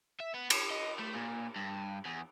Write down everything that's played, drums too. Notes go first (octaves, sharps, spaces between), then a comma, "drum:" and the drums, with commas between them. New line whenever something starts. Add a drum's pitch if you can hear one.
E5
B3
C#5, drum: cymbal
D#5
A3
A#2
G2
E2